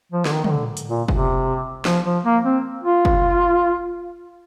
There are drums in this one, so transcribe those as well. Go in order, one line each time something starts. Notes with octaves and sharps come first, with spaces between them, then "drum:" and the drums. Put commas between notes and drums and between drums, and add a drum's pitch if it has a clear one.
F3
D3, drum: snare
D#3
D#3, drum: tom
D3
drum: hi-hat
A#2
C3, drum: kick
F3, drum: snare
F3
A#3
C4
F4
drum: kick